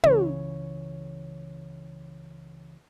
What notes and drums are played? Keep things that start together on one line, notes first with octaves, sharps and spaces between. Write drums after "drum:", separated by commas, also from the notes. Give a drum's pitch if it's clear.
C#2 C#3 E3 C#5, drum: tom